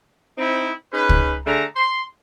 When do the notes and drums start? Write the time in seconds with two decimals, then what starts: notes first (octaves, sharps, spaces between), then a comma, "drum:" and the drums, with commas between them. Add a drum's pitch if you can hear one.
0.38 C4 D#4 E4
0.93 C#4 D#4 G#4 B4
1.09 drum: kick
1.45 D3 A3 G#4 A#5
1.76 C6